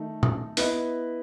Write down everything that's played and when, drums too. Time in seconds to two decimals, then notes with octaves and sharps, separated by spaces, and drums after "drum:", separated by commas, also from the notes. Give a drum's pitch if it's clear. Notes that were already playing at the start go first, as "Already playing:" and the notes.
Already playing: D#3 A3 D#4
0.23 drum: tom A#2
0.57 B3 E4 B4 D#5, drum: open hi-hat